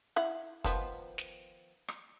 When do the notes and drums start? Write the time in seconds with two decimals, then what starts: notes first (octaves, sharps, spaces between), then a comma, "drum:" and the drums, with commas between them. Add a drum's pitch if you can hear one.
0.16 E4 F#5
0.64 D#3 F3 B3, drum: kick
1.18 drum: snare
1.88 drum: rim click